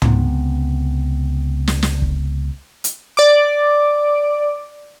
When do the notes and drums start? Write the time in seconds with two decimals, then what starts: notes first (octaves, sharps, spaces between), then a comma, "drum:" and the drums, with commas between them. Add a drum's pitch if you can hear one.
0.02 C#2 C3 B3, drum: tom
1.67 drum: snare
1.82 drum: snare
2.02 drum: kick
2.84 drum: hi-hat
3.17 D5 D6